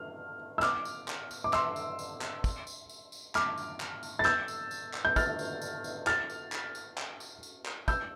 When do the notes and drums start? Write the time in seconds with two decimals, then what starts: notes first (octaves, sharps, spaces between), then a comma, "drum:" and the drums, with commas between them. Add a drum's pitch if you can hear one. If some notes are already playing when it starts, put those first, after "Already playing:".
Already playing: F6
0.58 E6
0.62 D6 F6, drum: clap
0.85 drum: tambourine
1.08 drum: clap
1.31 drum: tambourine
1.44 D6
1.53 C6 E6, drum: clap
1.76 drum: tambourine
1.99 drum: tambourine
2.21 drum: clap
2.44 drum: kick, tambourine
2.67 drum: tambourine
2.89 drum: tambourine
3.12 drum: tambourine
3.35 D6 F6, drum: clap
3.57 drum: tambourine
3.80 drum: clap
4.03 drum: tambourine
4.19 A6
4.25 E6 G6, drum: clap
4.48 drum: tambourine
4.71 drum: tambourine
4.94 drum: clap
5.05 G6
5.16 F6 A6, drum: kick, tambourine
5.39 drum: tambourine
5.62 drum: tambourine
5.84 drum: tambourine
6.07 F6 A6, drum: clap
6.30 drum: tambourine
6.52 drum: clap
6.75 drum: tambourine
6.98 drum: clap
7.20 drum: tambourine
7.43 drum: tambourine
7.66 drum: clap
7.88 E6 G6, drum: kick, tambourine